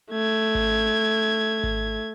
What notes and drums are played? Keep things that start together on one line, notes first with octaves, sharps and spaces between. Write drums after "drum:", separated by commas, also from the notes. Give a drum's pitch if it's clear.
A3 G#6
drum: kick G#1
drum: kick G#1